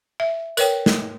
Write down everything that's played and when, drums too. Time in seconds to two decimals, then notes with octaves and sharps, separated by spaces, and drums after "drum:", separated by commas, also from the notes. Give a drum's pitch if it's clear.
0.20 E5
0.57 A#4 B4 C#5 G5, drum: tambourine
0.86 drum: snare